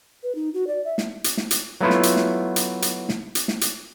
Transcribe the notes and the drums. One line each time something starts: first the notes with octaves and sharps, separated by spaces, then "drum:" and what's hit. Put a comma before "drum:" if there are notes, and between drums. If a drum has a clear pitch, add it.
B4
D#4
F#4
D5
E5
drum: snare
drum: hi-hat
drum: snare
drum: hi-hat
F#3 A3 B3 E4 F4
drum: snare
drum: hi-hat
drum: snare
drum: hi-hat
drum: hi-hat
drum: snare
drum: hi-hat
drum: snare
drum: hi-hat